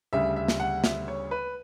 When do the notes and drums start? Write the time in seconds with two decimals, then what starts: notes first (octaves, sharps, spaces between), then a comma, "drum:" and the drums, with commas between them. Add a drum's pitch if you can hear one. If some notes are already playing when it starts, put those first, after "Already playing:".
0.13 D2 C#3 G3 E5
0.36 E5
0.48 drum: snare
0.60 F#5
0.84 E5, drum: snare
1.08 C#5
1.31 B4